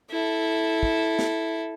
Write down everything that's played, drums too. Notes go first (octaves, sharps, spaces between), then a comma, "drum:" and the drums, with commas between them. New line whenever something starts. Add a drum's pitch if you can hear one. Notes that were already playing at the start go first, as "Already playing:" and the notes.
E4 A4
drum: kick
drum: snare